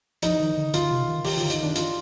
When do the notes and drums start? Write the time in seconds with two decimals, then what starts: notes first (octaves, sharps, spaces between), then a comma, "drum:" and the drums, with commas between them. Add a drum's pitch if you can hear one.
0.22 F3 D#4, drum: hi-hat
0.40 D#3
0.57 D3
0.74 D3 F4, drum: hi-hat
0.91 C3
1.08 D#3
1.24 D#3 G4, drum: open hi-hat
1.37 D3 F4
1.50 D#3 D#4, drum: hi-hat
1.63 D#3 D4
1.75 F4, drum: hi-hat